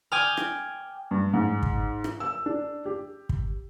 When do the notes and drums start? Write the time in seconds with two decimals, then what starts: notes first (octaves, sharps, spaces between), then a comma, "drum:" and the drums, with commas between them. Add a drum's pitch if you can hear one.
0.12 G5 G#5 D6 D#6 F6
0.37 drum: rim click
1.11 G2
1.33 G#2
1.63 drum: kick
2.04 drum: rim click
2.20 E6
2.46 D4
2.85 G4
3.29 drum: kick